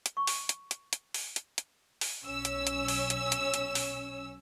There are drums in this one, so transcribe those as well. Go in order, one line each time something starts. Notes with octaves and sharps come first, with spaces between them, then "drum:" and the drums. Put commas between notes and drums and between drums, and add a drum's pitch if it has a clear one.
drum: hi-hat
C#6
drum: open hi-hat
drum: hi-hat
drum: hi-hat
drum: hi-hat
drum: open hi-hat
drum: hi-hat
drum: hi-hat
drum: open hi-hat
B1 C#4 E6
drum: hi-hat
drum: hi-hat
drum: open hi-hat
drum: hi-hat
drum: hi-hat
drum: hi-hat
drum: open hi-hat